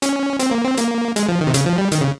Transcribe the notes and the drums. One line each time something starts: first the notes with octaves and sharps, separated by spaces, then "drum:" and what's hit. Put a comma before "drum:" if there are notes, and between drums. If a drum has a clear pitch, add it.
C#4, drum: hi-hat
C4, drum: hi-hat
A#3
C4
A#3, drum: hi-hat
G#3, drum: hi-hat
F3
D#3
C3
C#3, drum: hi-hat
F3
G3
D#3, drum: hi-hat
C#3